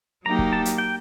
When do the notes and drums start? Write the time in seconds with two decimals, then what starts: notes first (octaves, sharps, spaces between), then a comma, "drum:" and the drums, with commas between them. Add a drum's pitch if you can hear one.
0.25 F#3 A#3 D#4 G4 A#5
0.39 drum: kick
0.53 A5
0.65 drum: hi-hat
0.78 G5